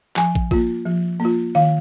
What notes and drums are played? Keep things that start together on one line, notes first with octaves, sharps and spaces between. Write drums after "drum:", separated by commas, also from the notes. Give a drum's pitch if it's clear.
F3 G#5, drum: clap
drum: kick
A#3 F4, drum: kick
F3
A#3 F4
D#3 F5